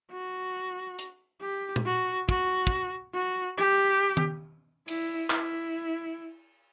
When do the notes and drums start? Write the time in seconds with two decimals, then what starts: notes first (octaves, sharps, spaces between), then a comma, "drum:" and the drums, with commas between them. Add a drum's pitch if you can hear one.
0.12 F#4
0.99 drum: hi-hat
1.42 G4
1.76 drum: tom A#2
1.86 F#4
2.29 F#4, drum: kick
2.67 drum: kick
3.14 F#4
3.58 G4
4.17 drum: tom D#3
4.88 E4, drum: cymbal
5.30 E4, drum: clap